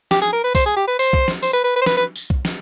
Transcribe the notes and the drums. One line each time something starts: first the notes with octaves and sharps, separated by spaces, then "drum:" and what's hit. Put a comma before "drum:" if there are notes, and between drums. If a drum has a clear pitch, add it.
G4, drum: snare
G#4
A#4
B4
C5, drum: kick B1, tambourine
G#4
G4
B4
C5, drum: tambourine
drum: kick B1
drum: snare
C5, drum: tambourine
B4
B4
B4
C5
B4, drum: snare
B4
drum: tambourine
drum: kick B1
drum: snare